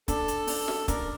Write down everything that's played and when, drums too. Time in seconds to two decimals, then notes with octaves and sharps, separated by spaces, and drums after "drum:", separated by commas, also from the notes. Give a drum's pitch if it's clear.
0.08 D4 A4, drum: kick, hi-hat
0.28 drum: hi-hat
0.47 D4, drum: open hi-hat
0.68 drum: snare
0.88 D4 A#4, drum: kick, hi-hat